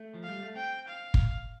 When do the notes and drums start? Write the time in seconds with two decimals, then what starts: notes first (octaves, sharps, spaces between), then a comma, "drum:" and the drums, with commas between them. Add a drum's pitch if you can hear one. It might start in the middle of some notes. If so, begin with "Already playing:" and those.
Already playing: A3
0.14 F3
0.24 G3 F5
0.43 A3
0.56 C4 G5
0.89 F5
1.14 drum: kick